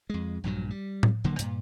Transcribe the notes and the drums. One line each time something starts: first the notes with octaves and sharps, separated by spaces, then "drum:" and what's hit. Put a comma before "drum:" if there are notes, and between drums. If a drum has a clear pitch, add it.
F2 G#3
A#1 G2 A#2 F#3
G3
drum: tom A2
E1 D3 F#3 A#3
G2 A#2, drum: hi-hat